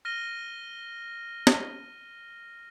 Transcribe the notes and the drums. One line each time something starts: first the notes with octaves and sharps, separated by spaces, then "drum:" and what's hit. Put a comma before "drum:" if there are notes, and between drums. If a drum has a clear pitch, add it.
F6 A#6 D#7 G7
drum: snare